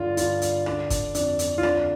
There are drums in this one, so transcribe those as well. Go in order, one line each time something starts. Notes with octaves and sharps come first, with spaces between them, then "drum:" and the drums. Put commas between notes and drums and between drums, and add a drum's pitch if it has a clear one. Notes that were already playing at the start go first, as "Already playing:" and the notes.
Already playing: G2 D3 F4
G2 F4, drum: hi-hat
D3, drum: hi-hat
D3 D4, drum: rim click
D3, drum: kick, hi-hat
F2 D4, drum: hi-hat
F2, drum: hi-hat
F4
D3 D4, drum: rim click